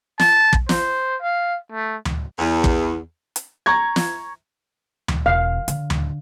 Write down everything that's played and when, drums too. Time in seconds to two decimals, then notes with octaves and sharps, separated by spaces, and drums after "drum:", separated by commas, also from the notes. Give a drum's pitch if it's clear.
0.20 A5, drum: snare
0.53 drum: kick
0.69 C5, drum: snare
1.22 F5
1.72 A3
2.05 drum: tom D2
2.39 E2
2.64 drum: kick
3.36 drum: hi-hat
3.66 A#5 C#6 G#6
3.96 drum: snare
5.08 drum: tom D2
5.26 E1 F5
5.68 D3, drum: hi-hat
5.90 drum: tom D2